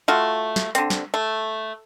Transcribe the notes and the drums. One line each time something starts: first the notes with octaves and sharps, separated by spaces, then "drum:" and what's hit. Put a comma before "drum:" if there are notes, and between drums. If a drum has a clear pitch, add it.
A3 F4 F#4
drum: snare
D3 C4, drum: hi-hat
drum: snare
A3